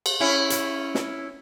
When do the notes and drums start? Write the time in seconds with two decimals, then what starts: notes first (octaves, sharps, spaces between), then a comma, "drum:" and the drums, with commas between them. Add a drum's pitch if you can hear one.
0.06 drum: cymbal
0.20 C#4 E4
0.50 drum: hi-hat
0.95 drum: snare